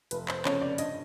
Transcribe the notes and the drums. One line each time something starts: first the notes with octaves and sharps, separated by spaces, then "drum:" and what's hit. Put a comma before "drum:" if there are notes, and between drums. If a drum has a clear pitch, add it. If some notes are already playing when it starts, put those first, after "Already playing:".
F1 B4, drum: hi-hat
C5, drum: clap
F2 C#3 C#5, drum: clap
D5
G2 D#5, drum: hi-hat